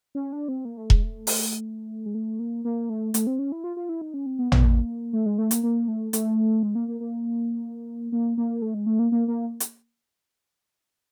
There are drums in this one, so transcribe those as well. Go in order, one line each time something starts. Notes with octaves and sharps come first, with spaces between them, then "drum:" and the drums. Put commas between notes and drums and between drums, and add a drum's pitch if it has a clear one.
C#4
D4
C4
A#3
A3
G#3, drum: kick E1
A3
drum: open hi-hat
G#3
A3
A#3
A#3
A3
A3, drum: hi-hat
C4
C#4
E4
F4
F4
E4
D#4
C#4
C4
B3
B3, drum: tom
A#3
A3
G#3
A3
A#3, drum: hi-hat
A#3
A3
A3, drum: hi-hat
G#3
A#3
A#3
A#3
A#3
A#3
A3
G#3
A3
A#3
A#3
A#3
drum: hi-hat